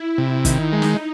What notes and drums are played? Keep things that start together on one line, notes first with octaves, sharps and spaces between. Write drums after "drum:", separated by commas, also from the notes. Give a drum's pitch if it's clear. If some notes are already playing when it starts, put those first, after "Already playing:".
Already playing: E4
C3
D#3 D#4, drum: kick, hi-hat
G#3
drum: snare